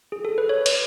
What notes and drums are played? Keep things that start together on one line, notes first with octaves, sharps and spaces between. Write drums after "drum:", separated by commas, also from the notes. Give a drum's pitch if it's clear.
G#4
A4
B4
C#5
C#5, drum: cymbal